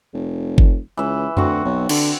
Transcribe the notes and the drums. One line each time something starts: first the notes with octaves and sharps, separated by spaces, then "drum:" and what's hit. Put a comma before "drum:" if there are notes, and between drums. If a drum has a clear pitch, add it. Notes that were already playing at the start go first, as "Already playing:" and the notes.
F1
drum: kick G1
C#2 E3 E5
D2 C4 F#4, drum: tom F2
B1
D3, drum: cymbal